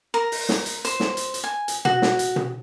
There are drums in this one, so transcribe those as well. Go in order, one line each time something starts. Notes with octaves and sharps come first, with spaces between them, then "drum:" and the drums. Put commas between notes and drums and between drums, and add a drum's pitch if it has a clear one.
A#4
drum: open hi-hat
drum: snare
drum: hi-hat
C5, drum: hi-hat
drum: snare
drum: hi-hat
drum: hi-hat
G#5
drum: hi-hat
F#4, drum: tom
drum: snare
drum: hi-hat
drum: tom